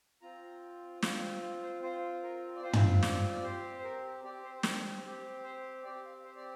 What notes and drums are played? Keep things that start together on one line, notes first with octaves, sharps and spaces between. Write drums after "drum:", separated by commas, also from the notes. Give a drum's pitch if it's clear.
C4 F4 A#5
C4 F4, drum: snare
G5
F5
C5
C4 F4 C5
A#4
D5
C4 F4 C5
drum: tom
D5, drum: snare
D5
C4 G4 C5
C5
A#4
C4 G4 D5
C5
C5
A#4, drum: snare
C4 G4
C5
C4 G4 D5
F5
C5
D5